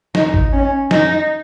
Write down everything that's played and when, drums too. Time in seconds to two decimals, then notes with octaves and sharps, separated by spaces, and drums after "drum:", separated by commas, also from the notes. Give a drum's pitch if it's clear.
0.15 D#4, drum: snare
0.34 drum: kick G#1
0.53 C#4
0.91 D#4, drum: snare